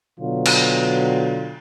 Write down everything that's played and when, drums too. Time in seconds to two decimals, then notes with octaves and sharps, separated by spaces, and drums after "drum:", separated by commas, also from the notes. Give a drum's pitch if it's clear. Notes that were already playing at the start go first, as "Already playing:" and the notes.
0.19 B2 D3 F#3 B3 F4
0.46 drum: cymbal